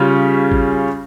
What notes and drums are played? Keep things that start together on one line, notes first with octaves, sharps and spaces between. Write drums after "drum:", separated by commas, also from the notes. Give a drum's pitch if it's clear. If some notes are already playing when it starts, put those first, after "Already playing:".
Already playing: C#3 G3 C#4 F4
drum: kick G#1